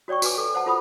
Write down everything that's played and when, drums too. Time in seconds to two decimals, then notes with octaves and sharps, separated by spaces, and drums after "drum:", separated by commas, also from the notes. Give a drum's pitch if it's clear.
0.08 F#4 C#5 D5 G5 C#6
0.22 F#4 B4 G#5 D6, drum: tambourine
0.37 A4
0.54 C5 F#5 A5
0.66 F4 A4 C5 B5 D#6